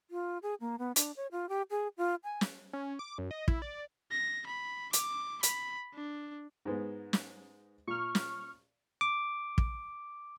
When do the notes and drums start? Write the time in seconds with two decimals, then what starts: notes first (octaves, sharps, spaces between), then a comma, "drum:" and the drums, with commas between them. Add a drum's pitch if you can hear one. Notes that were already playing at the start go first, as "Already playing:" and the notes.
0.10 F4
0.43 G#4
0.60 A#3
0.79 B3
0.96 D4, drum: hi-hat
1.17 C#5
1.32 F4
1.49 G4
1.70 G#4
1.98 F4
2.24 G#5
2.41 drum: snare
2.73 C#4
2.99 D6
3.18 F#2
3.31 D#5
3.48 E4, drum: kick
3.62 D5
4.11 A#6
4.47 B5
4.93 D6, drum: hi-hat
5.43 B5, drum: hi-hat
5.94 D4
6.65 G#2 G#3 B3
7.13 drum: snare
7.87 A#2 C#6 F6
8.15 drum: snare
9.01 D6
9.58 drum: kick